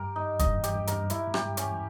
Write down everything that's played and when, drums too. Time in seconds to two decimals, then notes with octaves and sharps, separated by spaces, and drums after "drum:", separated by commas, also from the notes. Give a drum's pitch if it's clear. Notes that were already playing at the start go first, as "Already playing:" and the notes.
Already playing: G2 G4 A#4
0.16 D#4
0.39 G2 D#5, drum: kick, hi-hat
0.58 E2
0.64 G4, drum: hi-hat
0.76 G2
0.87 A#4, drum: hi-hat
0.93 G2
1.10 G2 E4, drum: hi-hat
1.27 G#2
1.34 G4, drum: rim click
1.46 G2
1.57 C#4, drum: hi-hat
1.64 E2